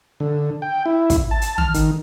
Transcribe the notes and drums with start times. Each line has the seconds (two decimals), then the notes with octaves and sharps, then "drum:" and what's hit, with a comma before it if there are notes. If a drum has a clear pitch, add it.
0.20 D3
0.62 G5
0.86 E4
1.10 drum: kick, hi-hat
1.31 A5
1.42 drum: hi-hat
1.58 F6, drum: tom
1.74 D#3, drum: hi-hat